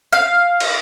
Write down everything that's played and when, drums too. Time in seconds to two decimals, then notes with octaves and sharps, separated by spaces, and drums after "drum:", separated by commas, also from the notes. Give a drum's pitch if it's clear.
0.13 F5
0.60 drum: cymbal